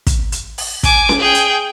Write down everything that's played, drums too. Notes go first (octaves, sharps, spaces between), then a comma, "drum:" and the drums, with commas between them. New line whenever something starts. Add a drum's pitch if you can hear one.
drum: kick, hi-hat
drum: hi-hat
drum: open hi-hat
G#5 D6, drum: kick, hi-hat
drum: snare C#4
G#4 G5
drum: hi-hat